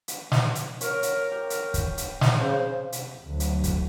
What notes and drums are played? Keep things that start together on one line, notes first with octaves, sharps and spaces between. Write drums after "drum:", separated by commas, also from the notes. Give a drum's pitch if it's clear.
drum: hi-hat
drum: snare
drum: hi-hat
A#4 C#5, drum: hi-hat
drum: hi-hat
G4
drum: hi-hat
drum: kick, hi-hat
drum: hi-hat
drum: snare
C#3 C4 C5
C3, drum: hi-hat
D2 F#3
drum: hi-hat
drum: kick, hi-hat